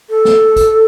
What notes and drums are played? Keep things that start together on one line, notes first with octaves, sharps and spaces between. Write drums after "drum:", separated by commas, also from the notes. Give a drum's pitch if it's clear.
A4
drum: snare
drum: kick, hi-hat